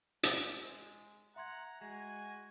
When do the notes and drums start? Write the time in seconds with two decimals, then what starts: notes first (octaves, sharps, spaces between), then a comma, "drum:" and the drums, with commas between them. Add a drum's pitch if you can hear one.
0.23 G#3, drum: hi-hat
1.36 E5 F#5 A#5 C6 G#6
1.81 G#3 F#4 G#5